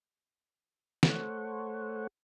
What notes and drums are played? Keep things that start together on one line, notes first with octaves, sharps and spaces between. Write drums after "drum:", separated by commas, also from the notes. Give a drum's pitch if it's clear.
A3 A4 C5 C#5 F#5, drum: snare